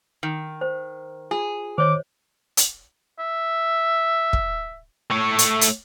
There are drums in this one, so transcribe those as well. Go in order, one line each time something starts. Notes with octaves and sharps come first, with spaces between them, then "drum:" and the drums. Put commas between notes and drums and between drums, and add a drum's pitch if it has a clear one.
D#3
C5
F4 G#4
D#3 C5 C#5 D#5 D6
drum: hi-hat
E5
drum: kick
A3 C#5
drum: hi-hat
drum: hi-hat